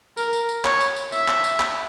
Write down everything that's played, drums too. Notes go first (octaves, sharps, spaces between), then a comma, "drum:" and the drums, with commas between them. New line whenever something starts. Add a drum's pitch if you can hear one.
A#4, drum: tambourine
drum: tambourine
drum: tambourine
C#5, drum: clap
drum: tambourine
drum: tambourine
E5, drum: tambourine
drum: clap
drum: tambourine
drum: clap